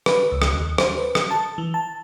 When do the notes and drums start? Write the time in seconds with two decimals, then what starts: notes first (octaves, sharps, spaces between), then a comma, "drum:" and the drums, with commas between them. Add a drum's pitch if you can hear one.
0.06 B4, drum: rim click
0.32 C#2
0.42 drum: rim click
0.53 D#2
0.78 C5, drum: rim click
0.98 B4
1.15 drum: rim click
1.31 A5
1.58 E3
1.74 A5